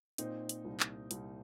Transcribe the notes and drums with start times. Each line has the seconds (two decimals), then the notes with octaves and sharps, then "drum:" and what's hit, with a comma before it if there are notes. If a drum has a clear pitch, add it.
0.18 A#2 C4 D#4, drum: hi-hat
0.49 drum: hi-hat
0.65 C2
0.80 drum: clap
1.11 C2, drum: hi-hat